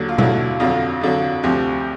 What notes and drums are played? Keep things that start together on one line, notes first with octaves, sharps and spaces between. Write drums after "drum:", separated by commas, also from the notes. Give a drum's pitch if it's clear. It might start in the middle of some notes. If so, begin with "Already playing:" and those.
Already playing: D#2 D3 F#3
F4
D#2 D3 F#3 E4, drum: tom B2
F2 D3 F#3 F4
F2 D3 F#3
D2 C3 F3